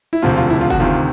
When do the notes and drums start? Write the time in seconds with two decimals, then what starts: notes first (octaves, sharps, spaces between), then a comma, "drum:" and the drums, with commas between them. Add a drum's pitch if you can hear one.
0.13 E4
0.22 E1 D2 C3 F3 F4
0.37 F4
0.50 E4
0.61 F4
0.70 F#4, drum: kick F1
0.80 D2 C3 D#3 F4